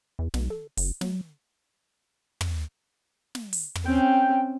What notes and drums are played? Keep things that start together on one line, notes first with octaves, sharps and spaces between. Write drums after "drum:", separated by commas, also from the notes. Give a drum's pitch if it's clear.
E2
B1, drum: snare
A4
F#1, drum: open hi-hat
F#3, drum: snare
drum: tom
drum: snare
drum: open hi-hat
drum: tom
C4 C#4 G5